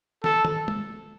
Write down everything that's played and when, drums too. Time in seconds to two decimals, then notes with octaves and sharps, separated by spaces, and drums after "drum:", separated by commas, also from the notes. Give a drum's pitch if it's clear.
0.24 A4, drum: snare
0.45 drum: tom
0.68 drum: tom G#3